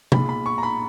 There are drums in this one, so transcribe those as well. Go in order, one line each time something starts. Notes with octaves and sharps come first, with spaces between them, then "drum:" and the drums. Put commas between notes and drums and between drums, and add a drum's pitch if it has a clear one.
B1 A#2 G#3 B5, drum: tom C3
B5
C#6
A#5
B5